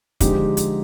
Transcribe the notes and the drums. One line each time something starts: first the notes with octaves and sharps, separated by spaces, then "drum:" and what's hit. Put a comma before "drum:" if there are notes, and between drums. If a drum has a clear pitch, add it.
D3 F3 G#3 D#4 G4, drum: kick, hi-hat
drum: hi-hat